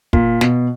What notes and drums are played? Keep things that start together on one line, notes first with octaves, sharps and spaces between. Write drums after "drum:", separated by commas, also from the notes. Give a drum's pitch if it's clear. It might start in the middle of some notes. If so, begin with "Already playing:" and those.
A#2, drum: kick
B2, drum: snare